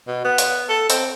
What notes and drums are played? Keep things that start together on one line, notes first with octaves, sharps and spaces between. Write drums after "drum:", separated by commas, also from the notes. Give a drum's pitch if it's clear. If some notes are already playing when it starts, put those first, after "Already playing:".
B2
B3
drum: hi-hat
A4
C4, drum: hi-hat